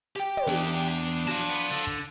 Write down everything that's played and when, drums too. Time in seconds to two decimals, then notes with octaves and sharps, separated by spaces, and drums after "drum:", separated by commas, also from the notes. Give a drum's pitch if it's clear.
0.16 G4 G5
0.37 drum: tom
0.47 E2 D4
1.27 E2 F#4 F5 A5
1.49 B3
1.71 D3
1.87 drum: kick